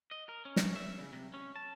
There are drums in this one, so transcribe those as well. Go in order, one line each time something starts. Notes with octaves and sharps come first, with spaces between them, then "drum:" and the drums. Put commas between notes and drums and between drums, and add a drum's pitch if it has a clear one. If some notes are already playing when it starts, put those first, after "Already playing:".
D#5
A#4
C#4
drum: snare
E5
C#3
C3
C#4
A5